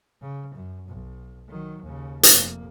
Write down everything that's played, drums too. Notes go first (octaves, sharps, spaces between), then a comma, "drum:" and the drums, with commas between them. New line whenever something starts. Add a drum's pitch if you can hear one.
C#3
F#2
B1
D#3 F#3
D#2 C#3
F1 A#3, drum: hi-hat